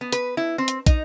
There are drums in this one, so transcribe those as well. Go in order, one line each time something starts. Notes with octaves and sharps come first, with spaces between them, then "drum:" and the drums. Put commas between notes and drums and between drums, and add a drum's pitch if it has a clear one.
B3
B4, drum: hi-hat
E4
C4
drum: hi-hat
D#4, drum: kick, hi-hat